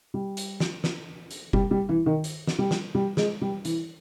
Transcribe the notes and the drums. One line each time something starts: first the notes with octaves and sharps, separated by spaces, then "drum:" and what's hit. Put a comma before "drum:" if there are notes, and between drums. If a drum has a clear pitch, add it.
G3
drum: hi-hat
drum: snare
drum: snare
drum: hi-hat
G3, drum: kick F#1
G3
E3
D#3
drum: hi-hat
drum: snare
G3
drum: snare
G3
G#3, drum: snare
G3
E3, drum: hi-hat